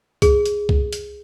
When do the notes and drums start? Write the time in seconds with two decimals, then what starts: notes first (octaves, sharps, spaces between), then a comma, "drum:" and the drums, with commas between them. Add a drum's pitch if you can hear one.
0.22 G#4, drum: kick C2, hi-hat
0.46 drum: hi-hat
0.69 drum: kick C2
0.93 drum: hi-hat